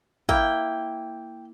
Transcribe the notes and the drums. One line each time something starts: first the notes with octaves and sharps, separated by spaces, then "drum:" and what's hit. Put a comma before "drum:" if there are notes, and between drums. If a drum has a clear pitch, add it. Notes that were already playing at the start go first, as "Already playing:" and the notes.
A#3 E4 G5, drum: kick